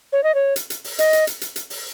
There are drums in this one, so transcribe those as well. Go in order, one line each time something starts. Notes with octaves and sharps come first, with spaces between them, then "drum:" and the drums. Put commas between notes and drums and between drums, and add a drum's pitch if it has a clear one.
C#5
D#5
C#5
drum: hi-hat
drum: hi-hat
drum: open hi-hat
D#5, drum: hi-hat
drum: hi-hat
drum: hi-hat
drum: hi-hat
drum: hi-hat
drum: open hi-hat